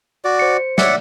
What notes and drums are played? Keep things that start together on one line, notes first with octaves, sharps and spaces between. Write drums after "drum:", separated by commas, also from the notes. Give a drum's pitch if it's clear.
F#4 D5
C5 C#7
C#5 D5 E5 F#5 C#7, drum: snare